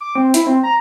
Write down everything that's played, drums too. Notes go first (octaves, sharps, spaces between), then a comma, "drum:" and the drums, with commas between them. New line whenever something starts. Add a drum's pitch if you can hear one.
D6
C4
E4, drum: hi-hat
C4
A#5